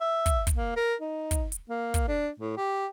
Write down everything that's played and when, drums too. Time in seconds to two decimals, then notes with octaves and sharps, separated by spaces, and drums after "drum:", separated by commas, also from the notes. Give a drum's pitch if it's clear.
0.01 E5
0.26 drum: kick, hi-hat
0.47 drum: kick, hi-hat
0.56 A#3
0.76 A#4
1.01 D#4
1.31 drum: kick, hi-hat
1.52 drum: hi-hat
1.70 A#3
1.94 drum: kick, hi-hat
2.08 D4
2.40 A2
2.57 G4